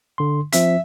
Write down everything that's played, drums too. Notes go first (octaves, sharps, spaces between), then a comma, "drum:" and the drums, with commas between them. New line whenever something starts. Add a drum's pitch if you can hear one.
D3 C6
F3 C4 E5 B6, drum: hi-hat